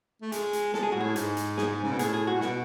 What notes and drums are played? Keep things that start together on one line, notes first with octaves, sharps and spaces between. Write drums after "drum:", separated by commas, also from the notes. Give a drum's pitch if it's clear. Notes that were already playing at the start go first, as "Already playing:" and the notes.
A3
G#3, drum: hi-hat
drum: hi-hat
G#3 A4, drum: snare
G#4
A2 F#4
G#4
G#2, drum: hi-hat
drum: hi-hat
G#4, drum: snare
C#3
B2
A2 G#4, drum: hi-hat
G#4
F#4
A2
B2 F#4, drum: snare